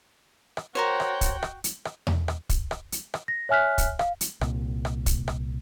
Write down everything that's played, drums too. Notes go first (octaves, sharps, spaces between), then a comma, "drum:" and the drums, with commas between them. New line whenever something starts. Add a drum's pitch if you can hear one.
drum: rim click
F#4 A#4 C5 C#5 G5
drum: rim click
drum: kick, hi-hat
drum: rim click
drum: hi-hat
drum: rim click
drum: tom E2
drum: rim click
drum: kick, hi-hat
drum: rim click
drum: hi-hat
drum: rim click
A#6
C#5 E5 G#5 F6 F#6 B6
drum: kick, hi-hat
F5, drum: rim click
drum: hi-hat
C2 A#2, drum: rim click
drum: rim click
drum: kick, hi-hat
drum: rim click